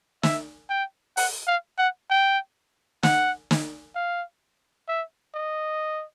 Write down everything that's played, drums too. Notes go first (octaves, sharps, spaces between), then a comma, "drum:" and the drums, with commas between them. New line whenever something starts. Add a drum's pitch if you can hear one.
E5, drum: snare
G5
F#5, drum: open hi-hat
F5
F#5
G5
F#5, drum: snare
drum: snare
F5
E5
D#5